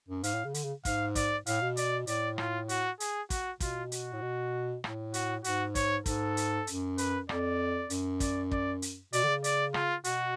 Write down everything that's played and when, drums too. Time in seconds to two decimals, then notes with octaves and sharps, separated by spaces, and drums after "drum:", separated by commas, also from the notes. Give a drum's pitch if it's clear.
0.09 F#2
0.24 G#2 F5, drum: hi-hat
0.34 A2
0.45 C#3
0.54 D3, drum: hi-hat
0.64 C#3
0.85 G#2 F5, drum: kick, hi-hat
1.15 D5, drum: kick, hi-hat
1.46 A2 F5, drum: hi-hat
1.61 B2
1.77 D5, drum: hi-hat
2.07 A2 D5, drum: hi-hat
2.38 F4, drum: rim click
2.69 F#4, drum: hi-hat
3.00 G#4, drum: hi-hat
3.30 F#4, drum: kick, hi-hat
3.60 B2 F4, drum: kick, hi-hat
3.92 F#4, drum: hi-hat
4.13 A2
4.22 B2
4.84 A2, drum: rim click
5.14 F#4, drum: hi-hat
5.44 G#2 F#4, drum: hi-hat
5.75 C#5, drum: kick, hi-hat
6.06 G#2 A4, drum: kick, hi-hat
6.37 drum: hi-hat
6.67 F#2, drum: hi-hat
6.98 B4, drum: hi-hat
7.29 F2 D5, drum: rim click
7.90 F#2, drum: hi-hat
8.20 D5, drum: kick, hi-hat
8.51 D5, drum: kick
8.82 drum: hi-hat
9.13 B2 D5, drum: hi-hat
9.23 D3
9.28 C#3
9.44 D5, drum: hi-hat
9.74 F4, drum: rim click
10.04 B2 F#4, drum: hi-hat